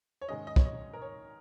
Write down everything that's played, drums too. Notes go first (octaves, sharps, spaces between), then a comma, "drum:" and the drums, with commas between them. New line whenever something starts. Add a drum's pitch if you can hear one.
C#5
G#2 D#3 G#3 C#4 D#5
D#5
C#5, drum: kick
D#5
A#4
C#5